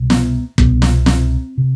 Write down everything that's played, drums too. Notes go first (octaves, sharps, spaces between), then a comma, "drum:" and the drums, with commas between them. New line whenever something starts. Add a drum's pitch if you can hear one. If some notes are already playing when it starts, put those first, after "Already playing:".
Already playing: C2 B2
B3, drum: snare
C2 B2 B3, drum: kick
drum: snare
C4, drum: snare
C3